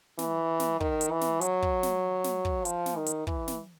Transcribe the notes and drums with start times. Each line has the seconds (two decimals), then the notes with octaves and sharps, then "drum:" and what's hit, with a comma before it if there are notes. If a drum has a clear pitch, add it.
0.19 E3, drum: snare
0.60 drum: snare
0.80 D#3, drum: kick
1.01 drum: hi-hat
1.11 E3
1.21 drum: snare
1.41 F#3, drum: hi-hat
1.62 drum: kick
1.83 drum: snare
2.24 drum: snare
2.45 drum: kick
2.65 F3, drum: hi-hat
2.86 drum: snare
2.96 D#3
3.06 drum: hi-hat
3.27 E3, drum: kick
3.48 drum: snare